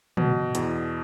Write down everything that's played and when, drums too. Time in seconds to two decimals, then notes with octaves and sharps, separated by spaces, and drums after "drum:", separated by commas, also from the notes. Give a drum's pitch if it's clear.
0.17 B2, drum: tom
0.55 E2, drum: hi-hat